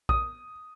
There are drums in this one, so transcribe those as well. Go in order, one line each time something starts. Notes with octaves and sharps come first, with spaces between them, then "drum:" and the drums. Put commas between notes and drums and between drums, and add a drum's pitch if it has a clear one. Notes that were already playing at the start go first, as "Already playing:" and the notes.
D#6, drum: kick A#1